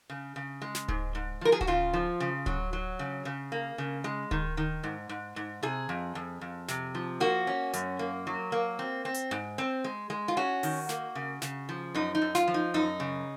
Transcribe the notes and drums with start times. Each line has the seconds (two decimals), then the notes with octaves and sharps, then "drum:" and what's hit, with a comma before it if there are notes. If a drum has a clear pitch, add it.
0.10 C#3
0.36 C#3
0.62 G#3
0.75 drum: snare
0.88 G#2, drum: kick D1
1.15 G#2
1.41 F3 A#4
1.52 G#4
1.61 F#4, drum: kick D1
1.67 C#3 F4
1.93 F3
2.20 C#3
2.46 F#3, drum: kick D1
2.73 F#3
2.99 C#3
3.25 C#3
3.52 A#3
3.78 C#3
4.04 G#3
4.31 D#3, drum: kick D1
4.57 D#3
4.83 G#2
5.09 G#2
5.36 G#2
5.63 C3 G#4
5.89 F2
6.15 F2
6.41 F2
6.68 C3, drum: snare
6.95 F3
7.20 A#3 F#4
7.47 C#4
7.73 F#2, drum: hi-hat
7.99 A#3
8.27 F#3
8.52 A#3
8.79 C4
9.05 C4
9.14 drum: hi-hat
9.31 G#2
9.58 C4
9.84 G#3
10.10 G#3
10.28 F4
10.37 C#4 F#4
10.63 D#3, drum: open hi-hat
10.89 A#3, drum: snare
11.15 C#3
11.42 C#3, drum: snare
11.69 F3
11.95 F#2 D#4
12.15 D#4
12.22 F#2
12.35 F4, drum: snare
12.48 F3
12.54 D#4
12.74 F#2 D#4
13.00 C#3